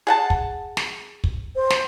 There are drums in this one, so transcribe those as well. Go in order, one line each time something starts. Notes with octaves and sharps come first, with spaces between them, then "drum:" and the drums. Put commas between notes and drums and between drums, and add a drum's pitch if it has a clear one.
G#4 F#5 A5
drum: kick
drum: snare
drum: kick
C5
drum: snare